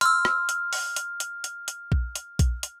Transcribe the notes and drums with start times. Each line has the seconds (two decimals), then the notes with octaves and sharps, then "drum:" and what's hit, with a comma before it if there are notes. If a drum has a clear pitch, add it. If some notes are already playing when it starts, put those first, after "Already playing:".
0.01 C6 E6 F6, drum: hi-hat
0.25 drum: rim click
0.49 drum: hi-hat
0.73 drum: open hi-hat
0.96 drum: hi-hat
1.20 drum: hi-hat
1.44 drum: hi-hat
1.68 drum: hi-hat
1.92 drum: kick A#1
2.15 drum: hi-hat
2.39 drum: kick A#1, hi-hat
2.63 drum: hi-hat